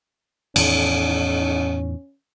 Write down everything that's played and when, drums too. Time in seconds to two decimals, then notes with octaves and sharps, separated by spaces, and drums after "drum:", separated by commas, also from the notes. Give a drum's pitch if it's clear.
0.56 E2 A2 D#3 C#4, drum: cymbal